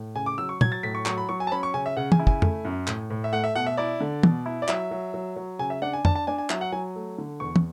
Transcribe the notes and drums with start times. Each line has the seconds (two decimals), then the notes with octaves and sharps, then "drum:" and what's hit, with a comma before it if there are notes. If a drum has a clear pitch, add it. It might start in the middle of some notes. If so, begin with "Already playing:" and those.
Already playing: A2
0.15 C#3 G#5
0.26 D6
0.38 F#3 E6
0.49 C#6
0.61 F#3 G#6, drum: tom
0.72 A6
0.83 A2 B6
0.95 C#6
1.06 F#3 C#6, drum: clap
1.18 B5
1.29 F#3 C#6
1.40 G#5
1.47 A5
1.52 C#4 B5
1.63 C#6
1.74 C#3 G#5
1.86 E5
1.97 C#3 F#5
2.12 G#5, drum: tom
2.20 E4
2.27 G#5, drum: kick
2.42 A3, drum: tom F2
2.65 F#2
2.87 A2, drum: clap
3.10 A2
3.24 E5
3.32 A3 F#5
3.44 E5
3.55 B2 F#5
3.66 E5
3.77 E4 D5
4.00 D3
4.23 B2, drum: tom
4.46 E4
4.62 D5
4.68 F#3 E5, drum: clap
4.91 F#3
5.14 F#3
5.36 F#3
5.59 C#3 G#5
5.70 E5
5.82 D4 F#5
5.93 G#5
6.05 D4 A5, drum: tom F2
6.15 A5
6.27 D4 G#5
6.38 G#5
6.50 F#3 E5, drum: clap
6.61 F#5
6.72 F#3 G#5
6.96 A3
7.18 D3
7.40 E2 C#6
7.56 drum: tom